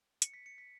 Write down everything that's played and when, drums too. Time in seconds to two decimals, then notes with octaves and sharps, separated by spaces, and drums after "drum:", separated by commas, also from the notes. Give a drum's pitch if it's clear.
0.22 C#7, drum: hi-hat
0.34 B6
0.46 C#7
0.58 B6